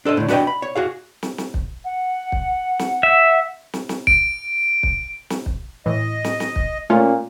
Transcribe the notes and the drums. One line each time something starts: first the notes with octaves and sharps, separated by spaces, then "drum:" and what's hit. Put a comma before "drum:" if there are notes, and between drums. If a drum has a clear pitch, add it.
D4 A4 C5 D#5
D2 A2
D4 F#4 B4 C#5 D#5 G5, drum: snare
B5
C#5
F#4 G#4 F5
drum: snare
drum: snare
drum: kick
F#5
drum: kick
drum: snare
E5
drum: snare
drum: snare
D7, drum: kick
drum: kick
drum: snare
drum: kick
A2 E3 D#5
drum: snare
drum: snare
drum: kick
A#2 A3 C#4 F4